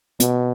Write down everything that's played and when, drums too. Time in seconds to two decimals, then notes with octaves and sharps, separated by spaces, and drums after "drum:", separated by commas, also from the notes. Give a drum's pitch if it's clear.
0.20 B2, drum: hi-hat